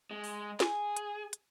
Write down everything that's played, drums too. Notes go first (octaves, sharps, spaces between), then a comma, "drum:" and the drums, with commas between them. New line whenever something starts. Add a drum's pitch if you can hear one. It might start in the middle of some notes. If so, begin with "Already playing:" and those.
G#3
drum: open hi-hat
G#4, drum: snare
drum: hi-hat
drum: hi-hat